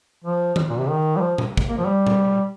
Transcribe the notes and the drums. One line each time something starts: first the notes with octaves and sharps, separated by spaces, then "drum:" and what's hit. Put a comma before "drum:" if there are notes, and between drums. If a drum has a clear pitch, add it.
F3
drum: tom D#3
A#2
C3
D#3
G3
F3
drum: tom A#2
drum: kick
A#3
F3
G3
drum: tom A#2